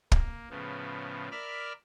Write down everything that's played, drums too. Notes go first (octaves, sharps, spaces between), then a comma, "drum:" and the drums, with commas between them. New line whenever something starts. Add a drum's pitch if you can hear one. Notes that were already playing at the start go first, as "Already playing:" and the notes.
A#3, drum: kick
A2 C#3 F3 B3
A#4 D5 E5 B5 D6 F6